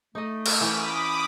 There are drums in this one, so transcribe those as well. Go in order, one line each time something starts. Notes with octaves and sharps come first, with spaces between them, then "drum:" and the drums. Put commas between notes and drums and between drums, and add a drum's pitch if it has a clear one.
A3 D#4 D#5
drum: cymbal
E3 C#4 C#5 B5 D6 D#6